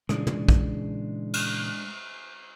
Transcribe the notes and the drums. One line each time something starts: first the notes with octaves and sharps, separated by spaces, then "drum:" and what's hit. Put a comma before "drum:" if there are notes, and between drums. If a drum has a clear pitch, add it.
A#2 C#3 E3 G#3 D4, drum: rim click
drum: tom
drum: kick A#1
drum: cymbal